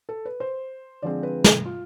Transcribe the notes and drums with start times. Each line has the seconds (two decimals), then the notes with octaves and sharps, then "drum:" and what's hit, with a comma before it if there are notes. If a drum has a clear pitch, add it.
0.09 A4
0.25 B4
0.40 C5
1.02 D3 F3 G#3 C4 D5
1.23 B4
1.44 drum: snare
1.65 F4